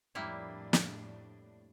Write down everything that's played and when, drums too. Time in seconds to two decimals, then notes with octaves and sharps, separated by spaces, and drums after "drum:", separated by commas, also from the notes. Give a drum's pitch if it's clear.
0.15 F2 A2 G3 A#3 D4 E4
0.73 drum: snare